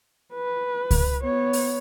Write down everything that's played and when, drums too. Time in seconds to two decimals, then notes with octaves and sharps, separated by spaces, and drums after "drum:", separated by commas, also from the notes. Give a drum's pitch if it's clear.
0.34 B4
0.91 drum: kick C#2, open hi-hat
1.22 B3 C#5
1.53 drum: open hi-hat